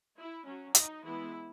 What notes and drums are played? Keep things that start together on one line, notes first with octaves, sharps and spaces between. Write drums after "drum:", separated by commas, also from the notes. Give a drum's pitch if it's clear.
E4
F#3 C#4
D#4, drum: hi-hat
E3 G#3 B3 E4